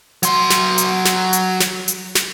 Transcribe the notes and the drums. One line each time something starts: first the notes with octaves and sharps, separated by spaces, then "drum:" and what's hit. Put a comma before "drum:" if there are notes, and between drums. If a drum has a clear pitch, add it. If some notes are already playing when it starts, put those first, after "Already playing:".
F#3 C6, drum: hi-hat
drum: snare
drum: hi-hat
drum: snare
drum: hi-hat
drum: snare
drum: hi-hat
drum: snare